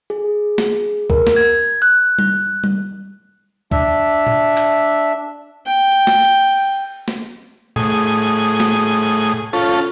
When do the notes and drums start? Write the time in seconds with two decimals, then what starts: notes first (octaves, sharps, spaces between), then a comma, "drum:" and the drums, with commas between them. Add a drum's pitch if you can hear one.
0.10 G#4
0.58 drum: snare
1.10 A#4, drum: kick
1.27 drum: snare
1.36 G#6
1.82 F#6
2.19 drum: tom G3
2.64 drum: tom G3
3.72 D4 E5, drum: kick
4.27 drum: tom A2
4.58 drum: clap
5.66 G5
5.92 drum: hi-hat
6.07 drum: snare
6.25 drum: cymbal
7.08 drum: snare
7.76 A2 G#4 D#6, drum: tom A2
8.60 drum: snare
9.53 C#4 F4 A4